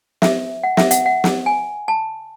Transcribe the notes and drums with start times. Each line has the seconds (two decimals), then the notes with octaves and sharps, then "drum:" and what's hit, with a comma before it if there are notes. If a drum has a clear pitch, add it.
0.22 E5, drum: snare
0.63 F#5
0.77 E5, drum: snare
0.91 F#5, drum: hi-hat
1.06 F#5
1.24 drum: snare
1.46 G#5
1.88 A5